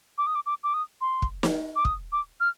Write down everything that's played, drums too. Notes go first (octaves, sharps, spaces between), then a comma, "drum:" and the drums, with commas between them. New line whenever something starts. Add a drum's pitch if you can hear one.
D6
D#6
D6
D6
D6
D#6
C6
drum: kick
drum: snare
D6
D#6, drum: kick
D6
F6